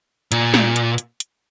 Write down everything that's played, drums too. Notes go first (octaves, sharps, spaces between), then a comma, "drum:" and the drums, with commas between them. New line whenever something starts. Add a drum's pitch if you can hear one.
A#2, drum: hi-hat
drum: snare
drum: hi-hat
drum: hi-hat
drum: hi-hat